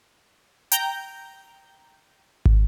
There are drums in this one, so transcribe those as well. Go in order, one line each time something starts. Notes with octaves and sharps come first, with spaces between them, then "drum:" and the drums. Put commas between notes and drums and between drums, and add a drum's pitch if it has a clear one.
G5 A#5 G6, drum: hi-hat
drum: kick